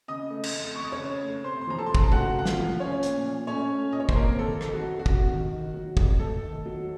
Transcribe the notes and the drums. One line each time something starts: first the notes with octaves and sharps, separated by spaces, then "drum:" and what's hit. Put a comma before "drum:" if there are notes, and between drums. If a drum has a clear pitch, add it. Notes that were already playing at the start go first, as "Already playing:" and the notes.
C#3 D#5 D#6
A3
drum: cymbal
F2
F2 C#6
D#6
C#5 C#6
C#3
A3
C3 C5 C6
C6
F3 A#5
A4 A5
C#2 C6
A#5, drum: kick
A5
A3 F#4 F#5, drum: tom C3
C3 F#5
F4 F5, drum: snare
F3
A3 C#4 C#5
A#2, drum: hi-hat
A#2
A3 C#4 C#5
A3
A#2 D#5
C#5
C5, drum: kick
C3 A#3 A#4
D#3 A4
F2 A4, drum: rim click
F#4
F2
F#4
C3, drum: kick
D#3
D#3
F#3
F2, drum: kick
A3 A4
D#3
F#3